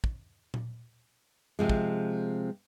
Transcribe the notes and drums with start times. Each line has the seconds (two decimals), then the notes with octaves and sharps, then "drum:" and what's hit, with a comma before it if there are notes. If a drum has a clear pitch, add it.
0.04 drum: kick
0.54 drum: tom A#2
1.59 C3 F3 G#3
1.69 drum: kick